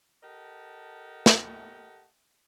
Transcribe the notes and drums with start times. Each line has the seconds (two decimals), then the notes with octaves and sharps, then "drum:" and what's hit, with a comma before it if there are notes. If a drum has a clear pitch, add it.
0.23 G4 A4 A#4 D#5 F#5 A5
1.26 drum: snare